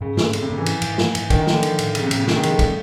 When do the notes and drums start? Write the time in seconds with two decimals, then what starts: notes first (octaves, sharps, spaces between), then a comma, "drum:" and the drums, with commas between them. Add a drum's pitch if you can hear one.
0.01 G#2 C#3
0.17 G#2 D3, drum: snare
0.33 C#3 A#3, drum: cymbal
0.42 C3
0.50 G#2 C#3
0.58 E3
0.66 F3, drum: cymbal
0.82 G#2, drum: cymbal
0.98 F3, drum: snare
1.15 G#2, drum: cymbal
1.30 D#3 D4, drum: kick, cymbal
1.42 D#3
1.47 F3, drum: snare
1.53 D3
1.63 F3, drum: cymbal
1.79 A2, drum: cymbal
1.95 C#3 F3, drum: cymbal
2.03 C3
2.11 A2 C#3, drum: cymbal
2.19 C3
2.27 C#3 D4, drum: snare
2.36 D#3
2.43 F3 G#3, drum: cymbal
2.51 A3
2.59 G3, drum: kick, cymbal